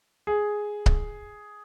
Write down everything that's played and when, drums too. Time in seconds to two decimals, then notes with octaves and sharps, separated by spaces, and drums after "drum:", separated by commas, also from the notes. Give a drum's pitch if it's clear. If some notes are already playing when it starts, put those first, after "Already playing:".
0.27 G#4
0.86 drum: kick C#1